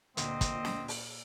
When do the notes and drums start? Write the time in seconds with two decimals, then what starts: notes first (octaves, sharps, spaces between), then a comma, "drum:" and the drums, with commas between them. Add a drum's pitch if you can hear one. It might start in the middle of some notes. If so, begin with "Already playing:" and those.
0.17 D2 A#2 C4 D#5, drum: hi-hat
0.41 drum: kick, hi-hat
0.65 drum: snare
0.88 drum: open hi-hat